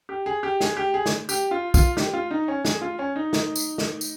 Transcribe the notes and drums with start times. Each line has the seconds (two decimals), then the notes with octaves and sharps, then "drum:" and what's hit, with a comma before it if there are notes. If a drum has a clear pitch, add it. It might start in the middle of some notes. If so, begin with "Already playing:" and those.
0.09 G4
0.26 G#4
0.43 G4
0.61 G#4, drum: snare
0.77 G4
0.94 G#4
1.06 drum: snare
1.29 G4, drum: tambourine
1.51 F4
1.74 F4, drum: kick, tambourine
1.97 G4, drum: snare
2.14 F4
2.31 D#4
2.48 C#4
2.65 G#4, drum: snare
2.82 F4
2.99 C#4
3.16 D#4
3.33 drum: snare
3.56 drum: tambourine
3.78 drum: snare
4.01 drum: tambourine